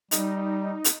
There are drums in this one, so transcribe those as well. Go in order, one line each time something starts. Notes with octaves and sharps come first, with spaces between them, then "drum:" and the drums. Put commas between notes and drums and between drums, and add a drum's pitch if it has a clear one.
G3 D#4, drum: hi-hat
drum: hi-hat